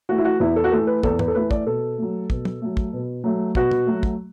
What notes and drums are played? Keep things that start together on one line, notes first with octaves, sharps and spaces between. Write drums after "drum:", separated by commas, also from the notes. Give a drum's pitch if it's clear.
E3 A3 F#4
E4
F#4
E2 E4
A4
F#4
E3 A3 A4
B4
E2 A4, drum: kick
B4, drum: tom
A4
E3 A3 B4
D5, drum: kick
B2 A4
F#3 A3
B2, drum: kick
drum: tom
F#3 A3
drum: kick
B2
F#3 A3
B2 F#4, drum: kick
drum: tom
F#3 A3
drum: kick